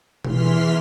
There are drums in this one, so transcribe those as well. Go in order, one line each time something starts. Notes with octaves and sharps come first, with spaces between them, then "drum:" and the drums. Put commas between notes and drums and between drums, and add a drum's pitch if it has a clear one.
E2 E3 C6 F6 B6, drum: tom B2